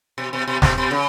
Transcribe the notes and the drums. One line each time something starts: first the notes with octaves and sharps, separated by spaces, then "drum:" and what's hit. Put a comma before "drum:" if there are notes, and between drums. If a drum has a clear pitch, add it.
B2
B2
B2
B2, drum: snare
B2
C#3